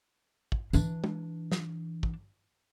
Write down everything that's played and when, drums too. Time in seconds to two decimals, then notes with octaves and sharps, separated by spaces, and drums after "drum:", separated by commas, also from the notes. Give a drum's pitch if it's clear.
0.52 drum: kick
0.73 E3 D4, drum: tambourine
1.04 drum: tom
1.52 drum: snare
2.03 drum: kick